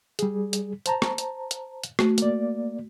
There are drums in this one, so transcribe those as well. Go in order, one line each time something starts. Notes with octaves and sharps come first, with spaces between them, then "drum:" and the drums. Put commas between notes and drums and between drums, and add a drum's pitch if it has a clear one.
G3 G#4, drum: hi-hat
drum: hi-hat
C5 A5 A#5, drum: hi-hat
drum: rim click
drum: hi-hat
drum: hi-hat
drum: hi-hat
A3 F#4, drum: rim click
A#3 D5, drum: hi-hat